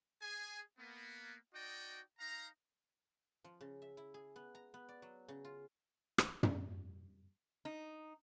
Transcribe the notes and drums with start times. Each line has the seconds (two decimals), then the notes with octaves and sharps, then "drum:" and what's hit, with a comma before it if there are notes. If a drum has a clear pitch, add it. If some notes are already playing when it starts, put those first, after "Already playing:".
0.22 G#4 G#5
0.79 A#3 B3
1.54 D#4 F#4 D5 D#5 G5
2.19 D#4 F5 A#5
3.44 F3
3.61 C#3
3.82 E5
3.97 E4
4.14 G#4
4.36 B3
4.55 A#5
4.74 B3
4.89 D5
5.02 F#3
5.28 C#3
5.45 F4
6.18 drum: rim click
6.43 drum: tom
7.65 D#4